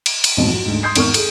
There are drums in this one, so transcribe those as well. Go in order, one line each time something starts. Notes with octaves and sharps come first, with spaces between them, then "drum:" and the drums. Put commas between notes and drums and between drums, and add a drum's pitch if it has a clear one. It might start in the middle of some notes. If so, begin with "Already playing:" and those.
drum: cymbal
drum: cymbal
A1 F2 G#2 B2
F#3
D2 G#2
C6 D#6 G6 G#6 C7
G#1 E2 A#4 C#6 F6, drum: cymbal
G#4 A4, drum: cymbal